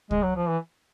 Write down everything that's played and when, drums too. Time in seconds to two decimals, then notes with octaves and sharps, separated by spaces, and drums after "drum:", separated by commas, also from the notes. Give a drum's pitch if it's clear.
0.11 G#3, drum: kick
0.23 F#3
0.36 F3
0.49 E3